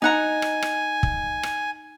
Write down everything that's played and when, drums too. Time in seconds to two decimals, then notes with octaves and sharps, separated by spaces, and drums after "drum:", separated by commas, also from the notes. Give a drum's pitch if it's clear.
0.02 D#4 F#5 G#5 A#5
0.42 drum: rim click
0.62 drum: rim click
1.03 drum: kick
1.43 drum: rim click